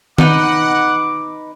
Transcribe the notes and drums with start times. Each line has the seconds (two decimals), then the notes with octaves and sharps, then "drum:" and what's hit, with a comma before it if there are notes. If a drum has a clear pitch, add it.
0.18 D#4 B4 F#5 D6, drum: tom D#3